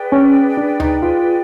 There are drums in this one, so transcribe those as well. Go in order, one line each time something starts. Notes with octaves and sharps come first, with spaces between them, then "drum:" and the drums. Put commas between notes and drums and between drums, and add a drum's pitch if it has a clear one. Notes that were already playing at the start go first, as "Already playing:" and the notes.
Already playing: G#4 B4 D5 G5
C#4
D4
D#4, drum: tom D2
F4